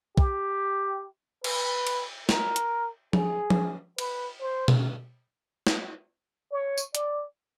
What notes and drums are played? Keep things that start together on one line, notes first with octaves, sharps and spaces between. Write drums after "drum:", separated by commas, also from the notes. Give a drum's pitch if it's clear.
G4, drum: kick
B4, drum: cymbal
drum: cymbal
A#4, drum: snare
drum: hi-hat
G#4, drum: tom F3
drum: tom F3
B4, drum: cymbal
C5
drum: tom B2
drum: snare
C#5
drum: tambourine
D5, drum: hi-hat